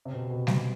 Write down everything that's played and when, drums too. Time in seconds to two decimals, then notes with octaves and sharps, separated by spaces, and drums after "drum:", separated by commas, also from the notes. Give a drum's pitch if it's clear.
0.05 C3
0.13 B2
0.30 B2
0.47 drum: snare G3